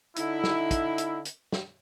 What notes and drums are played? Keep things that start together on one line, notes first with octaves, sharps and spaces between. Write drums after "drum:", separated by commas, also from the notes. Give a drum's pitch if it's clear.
D3 D#4 E4, drum: hi-hat
drum: snare
drum: kick, hi-hat
drum: hi-hat
drum: hi-hat
drum: snare